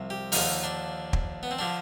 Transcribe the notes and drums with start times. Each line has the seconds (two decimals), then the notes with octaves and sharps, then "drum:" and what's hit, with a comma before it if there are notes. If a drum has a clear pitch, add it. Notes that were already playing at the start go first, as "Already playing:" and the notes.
Already playing: C2 C3 F3
0.10 G4
0.32 D#2 D3 F3 D#4, drum: open hi-hat
0.63 D4
1.13 drum: kick
1.43 B3
1.51 C4
1.59 D3 F3 D4